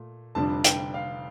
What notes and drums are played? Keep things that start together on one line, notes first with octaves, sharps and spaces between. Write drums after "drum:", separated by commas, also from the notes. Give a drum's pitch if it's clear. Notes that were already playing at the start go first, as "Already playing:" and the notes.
Already playing: A#2 A3
F1 F2 D3 G3 D4 A5
G5, drum: hi-hat
F5